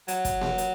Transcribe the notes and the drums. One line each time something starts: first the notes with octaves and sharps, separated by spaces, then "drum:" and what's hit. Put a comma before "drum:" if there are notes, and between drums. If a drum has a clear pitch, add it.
F#3, drum: hi-hat
drum: kick, hi-hat
drum: snare A#3
drum: hi-hat